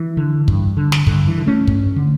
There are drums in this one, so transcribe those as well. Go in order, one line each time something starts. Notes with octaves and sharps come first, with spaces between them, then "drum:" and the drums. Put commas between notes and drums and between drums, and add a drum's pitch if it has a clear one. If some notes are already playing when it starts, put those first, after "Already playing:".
Already playing: E3
D3
G2, drum: kick
D3
drum: snare
G2 D3, drum: kick
E3
D3
A3 C#4
G2, drum: kick
D3